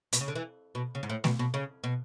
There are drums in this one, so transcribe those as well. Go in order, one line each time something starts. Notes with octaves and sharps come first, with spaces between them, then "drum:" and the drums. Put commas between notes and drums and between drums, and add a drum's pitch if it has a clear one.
B2, drum: hi-hat
C#3
D3
E3
B2
C#3
G#2
A2
B2, drum: snare A3
B2
C#3
B2